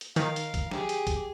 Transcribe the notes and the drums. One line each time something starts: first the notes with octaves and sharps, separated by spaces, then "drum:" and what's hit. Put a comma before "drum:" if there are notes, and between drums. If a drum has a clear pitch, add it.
drum: hi-hat
D#3 A#4 F5, drum: hi-hat
drum: hi-hat
drum: kick B1, hi-hat
G4 G#4, drum: snare
drum: hi-hat
drum: kick B1, hi-hat